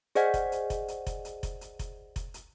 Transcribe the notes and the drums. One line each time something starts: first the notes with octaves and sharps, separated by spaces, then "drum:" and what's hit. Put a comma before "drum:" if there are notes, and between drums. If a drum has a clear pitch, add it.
G#4 C5 D5 D#5 F#5 G#5, drum: hi-hat
drum: kick F1, hi-hat
drum: hi-hat
drum: kick F1, hi-hat
drum: hi-hat
drum: kick F1, hi-hat
drum: hi-hat
drum: kick F1, hi-hat
drum: hi-hat
drum: kick F1, hi-hat
drum: kick F1, hi-hat
drum: hi-hat